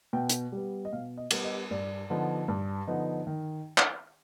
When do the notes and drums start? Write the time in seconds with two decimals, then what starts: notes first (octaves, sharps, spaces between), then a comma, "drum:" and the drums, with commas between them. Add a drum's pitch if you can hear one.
0.13 B2 G5
0.29 drum: hi-hat
0.52 G3 B3
0.85 D#5
0.93 B2 F5
1.18 D#5
1.31 G3 B3, drum: cymbal
1.44 D#5
1.71 G2 D5
2.10 D3 F3 B3 D#4
2.48 G2
2.87 D3 F3 B3 D#4
3.27 D#3
3.78 drum: clap